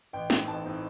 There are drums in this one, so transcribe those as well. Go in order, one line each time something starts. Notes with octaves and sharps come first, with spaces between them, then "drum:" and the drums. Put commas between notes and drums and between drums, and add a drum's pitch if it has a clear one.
A1 G5
A2 A3 C4 D#4, drum: snare
A1 A5
A2 A3 C4 D#4